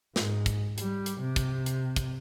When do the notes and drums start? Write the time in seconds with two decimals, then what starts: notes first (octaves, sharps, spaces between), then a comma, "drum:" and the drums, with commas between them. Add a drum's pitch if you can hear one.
0.16 G#2, drum: snare
0.46 drum: kick, hi-hat
0.78 G3, drum: hi-hat
1.06 drum: hi-hat
1.20 C3
1.36 drum: kick, hi-hat
1.66 drum: hi-hat
1.96 drum: kick, hi-hat